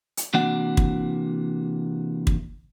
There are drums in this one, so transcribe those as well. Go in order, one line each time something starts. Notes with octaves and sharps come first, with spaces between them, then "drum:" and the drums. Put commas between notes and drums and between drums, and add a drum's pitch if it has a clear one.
drum: hi-hat
C3 E3 A#3 D4 F#4 F#5
drum: kick
drum: kick